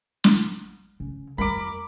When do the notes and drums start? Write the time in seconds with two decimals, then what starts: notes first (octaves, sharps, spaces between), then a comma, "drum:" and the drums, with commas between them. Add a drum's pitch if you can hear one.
0.24 drum: snare
1.00 C#3
1.38 F2 G3 A#4 B5 D6